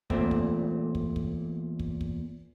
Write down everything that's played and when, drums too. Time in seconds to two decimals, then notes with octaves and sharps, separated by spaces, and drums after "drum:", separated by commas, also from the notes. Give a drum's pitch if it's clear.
0.10 E2 A#2 A3 C4, drum: kick
0.31 drum: kick
0.95 drum: kick
1.16 drum: kick
1.80 drum: kick
2.01 drum: kick